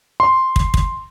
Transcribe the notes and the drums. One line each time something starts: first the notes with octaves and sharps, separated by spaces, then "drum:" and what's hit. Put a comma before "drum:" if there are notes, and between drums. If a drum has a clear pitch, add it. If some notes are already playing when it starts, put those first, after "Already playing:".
C6
drum: kick
drum: kick